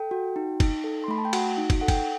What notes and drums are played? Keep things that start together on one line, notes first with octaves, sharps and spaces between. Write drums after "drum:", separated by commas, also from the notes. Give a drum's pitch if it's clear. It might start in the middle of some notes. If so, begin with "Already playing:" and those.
Already playing: A4 G5
F#4
D#4
D#4, drum: kick, cymbal
A4
C6
A3 B5
A5
G5
F#4 F#5, drum: cymbal
D#4
drum: kick, cymbal
A4 F#5
G5, drum: kick, cymbal